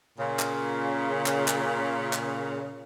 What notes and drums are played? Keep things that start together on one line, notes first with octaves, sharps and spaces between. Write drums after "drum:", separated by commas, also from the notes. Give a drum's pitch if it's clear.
A#2 C#3
drum: clap
drum: clap
drum: clap
drum: clap